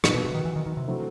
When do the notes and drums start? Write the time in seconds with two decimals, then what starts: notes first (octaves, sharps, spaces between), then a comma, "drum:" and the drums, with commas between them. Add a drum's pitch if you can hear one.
0.04 A2 F#3 B3 D#4, drum: rim click
0.14 B2
0.25 C3
0.35 D#3
0.45 E3
0.56 D#3
0.66 D#3
0.77 C3
0.87 F#3 A3 C4 E4